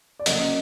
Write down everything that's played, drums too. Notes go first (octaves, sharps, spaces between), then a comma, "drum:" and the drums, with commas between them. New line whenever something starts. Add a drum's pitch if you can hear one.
D5
F#2 C#3 F#3 A#3 D#5, drum: hi-hat